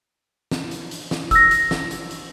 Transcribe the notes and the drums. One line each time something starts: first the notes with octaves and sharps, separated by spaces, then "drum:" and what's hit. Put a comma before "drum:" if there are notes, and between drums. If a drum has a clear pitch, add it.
drum: snare
drum: hi-hat
drum: hi-hat
drum: snare
E6 A#6, drum: kick, hi-hat
drum: hi-hat
drum: snare
drum: hi-hat
drum: hi-hat